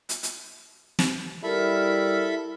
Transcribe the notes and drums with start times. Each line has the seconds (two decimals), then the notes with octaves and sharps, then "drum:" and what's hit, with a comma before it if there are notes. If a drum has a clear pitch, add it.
0.09 drum: hi-hat
0.23 drum: hi-hat
0.99 drum: snare
1.43 G3 E4 A4 A#4 E5 B5